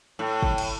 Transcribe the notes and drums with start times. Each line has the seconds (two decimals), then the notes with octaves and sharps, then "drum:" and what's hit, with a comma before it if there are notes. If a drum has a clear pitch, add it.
0.19 A2
0.43 drum: kick
0.58 drum: cymbal